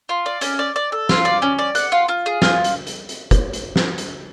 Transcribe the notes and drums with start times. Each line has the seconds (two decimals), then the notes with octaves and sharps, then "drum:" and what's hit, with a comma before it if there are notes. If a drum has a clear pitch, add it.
0.09 F4
0.26 D5
0.41 C#4, drum: hi-hat
0.59 D5
0.76 D5
0.92 A4
1.09 F4, drum: snare
1.25 D5
1.42 C#4
1.59 D5
1.75 F#5, drum: hi-hat
1.92 F4
2.09 F4
2.26 G#4
2.42 F4, drum: snare
2.64 drum: hi-hat
2.87 drum: hi-hat
3.09 drum: hi-hat
3.31 drum: kick, hi-hat
3.53 drum: hi-hat
3.76 drum: snare
3.98 drum: hi-hat